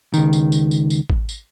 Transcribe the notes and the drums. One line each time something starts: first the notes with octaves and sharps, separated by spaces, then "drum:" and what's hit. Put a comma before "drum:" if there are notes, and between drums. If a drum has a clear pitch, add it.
C#2 D#3, drum: tambourine
drum: tambourine
drum: tambourine
drum: tambourine
drum: tambourine
drum: kick
drum: tambourine